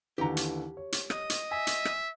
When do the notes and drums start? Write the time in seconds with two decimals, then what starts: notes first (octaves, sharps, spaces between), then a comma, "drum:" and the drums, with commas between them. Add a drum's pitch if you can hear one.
0.18 D#2 D3 E3 G4 A#5
0.37 drum: hi-hat
0.77 C#5
0.92 drum: hi-hat
1.10 D#5 D#6, drum: rim click
1.30 drum: hi-hat
1.51 E5 G#5
1.67 drum: hi-hat
1.85 drum: rim click